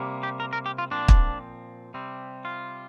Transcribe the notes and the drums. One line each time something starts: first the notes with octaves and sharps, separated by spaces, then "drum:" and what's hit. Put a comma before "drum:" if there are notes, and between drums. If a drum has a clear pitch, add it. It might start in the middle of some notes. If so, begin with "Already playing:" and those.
Already playing: C3 G3 A#3
G4
A#4
A#4
G4
F4
A#2 F3 C4 D4
drum: kick
C3 G3 C4
F4